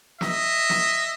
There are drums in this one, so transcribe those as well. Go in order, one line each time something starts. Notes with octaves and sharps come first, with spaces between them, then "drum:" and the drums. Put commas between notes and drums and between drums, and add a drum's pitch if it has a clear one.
D#5 E5, drum: snare
drum: snare